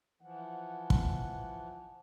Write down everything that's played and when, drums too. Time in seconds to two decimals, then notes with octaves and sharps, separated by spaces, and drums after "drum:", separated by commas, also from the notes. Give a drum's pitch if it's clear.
0.21 E3 F3 F#5
0.90 drum: kick